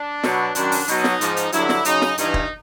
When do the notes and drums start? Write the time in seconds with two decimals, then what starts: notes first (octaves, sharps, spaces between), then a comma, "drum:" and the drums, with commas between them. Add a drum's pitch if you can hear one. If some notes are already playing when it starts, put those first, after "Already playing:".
Already playing: D4
0.23 B2 F#3, drum: snare
0.55 F#2 D#3 F#3 D4, drum: hi-hat
0.72 drum: open hi-hat
0.88 B2 F#3 D#4, drum: hi-hat
1.04 drum: snare
1.21 G#2 F3, drum: hi-hat
1.37 drum: hi-hat
1.52 G2 D3 F#3 E4, drum: hi-hat
1.69 drum: snare
1.85 F#2 C#3 F#3 D#4, drum: hi-hat
2.01 drum: snare
2.18 G2 E3 D#4, drum: hi-hat
2.34 drum: kick